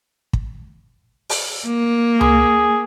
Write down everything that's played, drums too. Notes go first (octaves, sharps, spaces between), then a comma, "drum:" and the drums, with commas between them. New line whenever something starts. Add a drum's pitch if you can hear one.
drum: kick
drum: open hi-hat
A#3
G#4, drum: tom C#2